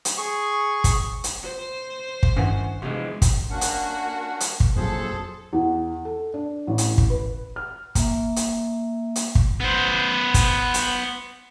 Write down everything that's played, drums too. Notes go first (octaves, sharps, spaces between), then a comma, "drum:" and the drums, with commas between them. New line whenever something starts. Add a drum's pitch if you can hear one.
drum: hi-hat
G#4 C#6
drum: kick, hi-hat
drum: hi-hat
C5
drum: kick
G2 D#3 E3 C#4 F#5
E2 G#2 C3 F3 G#3
drum: kick, hi-hat
A#3 C#4 D4 F#4 F#5
drum: hi-hat
drum: hi-hat
drum: kick
F2 A#2 F#3 G#4 A4 C5
E2
A4
D4
A1
drum: hi-hat
drum: kick
B4
F6
A#3 E5, drum: kick, hi-hat
drum: hi-hat
drum: hi-hat
drum: kick
B3 C5
drum: kick, hi-hat
drum: hi-hat